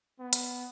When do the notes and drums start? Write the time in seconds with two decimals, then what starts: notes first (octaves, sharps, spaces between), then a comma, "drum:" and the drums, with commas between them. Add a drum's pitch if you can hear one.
0.19 B3
0.33 drum: hi-hat